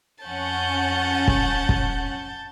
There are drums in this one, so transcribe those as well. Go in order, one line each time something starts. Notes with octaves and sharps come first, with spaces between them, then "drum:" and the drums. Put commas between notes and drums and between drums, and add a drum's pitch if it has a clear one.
F2 C#4 F#5 A5 G6
drum: kick
drum: kick